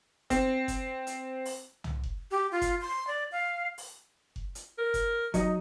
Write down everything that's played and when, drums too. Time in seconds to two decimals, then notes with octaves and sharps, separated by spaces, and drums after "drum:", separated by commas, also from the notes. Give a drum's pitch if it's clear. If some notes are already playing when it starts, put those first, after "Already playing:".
0.30 C4, drum: kick F#1, hi-hat
0.68 drum: kick F#1, hi-hat
1.07 drum: hi-hat
1.45 drum: open hi-hat
1.84 drum: tom
2.04 drum: kick F#1
2.31 G4
2.52 F4
2.62 drum: kick F#1, hi-hat
2.81 C6
3.07 D5
3.32 F5
3.78 drum: open hi-hat
4.36 drum: kick F#1
4.55 drum: hi-hat
4.78 A#4
4.94 drum: kick F#1, hi-hat
5.34 F#3 D#4 D#5, drum: kick F#1, hi-hat